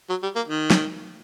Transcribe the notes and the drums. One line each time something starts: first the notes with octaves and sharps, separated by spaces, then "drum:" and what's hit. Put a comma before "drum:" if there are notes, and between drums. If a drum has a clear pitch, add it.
F#3
G3
A#3
D#3
drum: snare